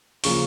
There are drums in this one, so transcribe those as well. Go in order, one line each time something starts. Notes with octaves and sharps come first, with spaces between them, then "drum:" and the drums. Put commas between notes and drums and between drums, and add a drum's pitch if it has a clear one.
C#3 F3 A#3 C#6, drum: open hi-hat